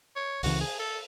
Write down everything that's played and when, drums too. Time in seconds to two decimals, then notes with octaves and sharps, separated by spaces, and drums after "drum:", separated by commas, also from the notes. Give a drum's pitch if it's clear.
0.16 C#5
0.43 C#2 C#3 E3 F#4, drum: open hi-hat
0.61 G#4
0.79 A4